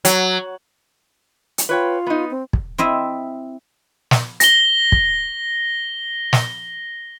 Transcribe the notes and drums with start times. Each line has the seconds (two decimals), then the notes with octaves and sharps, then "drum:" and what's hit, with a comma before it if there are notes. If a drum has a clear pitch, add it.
0.05 F#3, drum: hi-hat
1.58 drum: hi-hat
1.69 F4 B4 C#5 G5
2.07 B3 D#4
2.31 C4
2.53 drum: kick
2.78 C4 E4 D#5 E5
4.11 drum: snare
4.40 A#6 G7, drum: hi-hat
4.92 drum: kick
6.33 drum: snare